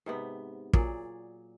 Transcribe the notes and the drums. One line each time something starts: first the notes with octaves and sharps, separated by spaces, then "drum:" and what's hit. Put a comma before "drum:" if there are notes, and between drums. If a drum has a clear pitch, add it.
G#2 C3 B3
A#2 F#3 G#4 D5, drum: kick